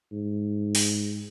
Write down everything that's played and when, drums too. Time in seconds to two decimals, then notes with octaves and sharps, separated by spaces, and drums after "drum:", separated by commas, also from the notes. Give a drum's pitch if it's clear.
0.12 G#2
0.75 drum: open hi-hat